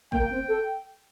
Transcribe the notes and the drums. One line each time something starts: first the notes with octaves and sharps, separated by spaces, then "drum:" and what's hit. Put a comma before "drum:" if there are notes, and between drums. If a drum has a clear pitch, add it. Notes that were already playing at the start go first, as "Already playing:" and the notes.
A#3 G5, drum: kick
C4
A4